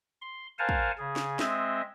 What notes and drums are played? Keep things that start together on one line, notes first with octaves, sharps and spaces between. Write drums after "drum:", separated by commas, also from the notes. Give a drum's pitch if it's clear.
C6
A#4 C5 F5 F#5 G#5 A5
drum: kick
C#3 G#4
drum: snare
G#3 C4 D#5 E5, drum: snare